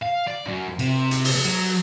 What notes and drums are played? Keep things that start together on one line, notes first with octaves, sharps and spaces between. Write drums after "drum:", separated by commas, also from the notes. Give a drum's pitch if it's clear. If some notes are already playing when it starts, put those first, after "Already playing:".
F5
D5
F#2
C3, drum: cymbal
drum: hi-hat
drum: open hi-hat
F#3